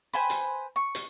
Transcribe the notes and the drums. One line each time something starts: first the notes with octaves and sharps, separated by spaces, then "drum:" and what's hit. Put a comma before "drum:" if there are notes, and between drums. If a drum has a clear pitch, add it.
B4 C5 G#5 B5
drum: hi-hat
C#6
drum: hi-hat